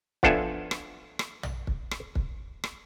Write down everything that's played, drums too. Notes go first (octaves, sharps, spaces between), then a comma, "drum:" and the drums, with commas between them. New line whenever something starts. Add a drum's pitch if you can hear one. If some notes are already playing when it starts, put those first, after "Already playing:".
F3 B3 D4 A4 E5 G#5, drum: kick
drum: rim click
drum: rim click
drum: tom A#1
drum: kick
drum: rim click
drum: kick
drum: rim click